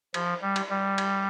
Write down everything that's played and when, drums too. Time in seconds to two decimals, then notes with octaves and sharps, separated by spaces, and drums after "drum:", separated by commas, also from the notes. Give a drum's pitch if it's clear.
0.14 F3, drum: cymbal
0.42 G3
0.56 drum: cymbal
0.70 G3
0.98 drum: cymbal